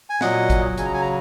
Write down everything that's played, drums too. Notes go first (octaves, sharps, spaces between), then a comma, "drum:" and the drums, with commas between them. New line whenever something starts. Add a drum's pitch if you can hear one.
G#5
A#2 F#3 D#5 F#5, drum: snare B3
drum: kick, hi-hat
C#3 F#3 G#5, drum: hi-hat
A#5
G#5
A#5